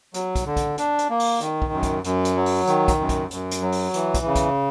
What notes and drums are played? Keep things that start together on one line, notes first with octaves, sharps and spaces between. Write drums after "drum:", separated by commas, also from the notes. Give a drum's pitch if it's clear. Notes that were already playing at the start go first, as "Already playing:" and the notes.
F#3, drum: hi-hat
drum: kick, hi-hat
D3
drum: kick, hi-hat
D4, drum: hi-hat
drum: hi-hat
A#3
drum: open hi-hat
D#3, drum: hi-hat
drum: kick
F#2
drum: kick, hi-hat
F#2, drum: hi-hat
drum: hi-hat
F#3
drum: open hi-hat
D#3, drum: hi-hat
drum: kick, hi-hat
F#2
drum: kick, hi-hat
F#2, drum: hi-hat
drum: hi-hat
F#3
drum: open hi-hat
E3, drum: hi-hat
drum: kick, hi-hat
C#3
drum: kick, hi-hat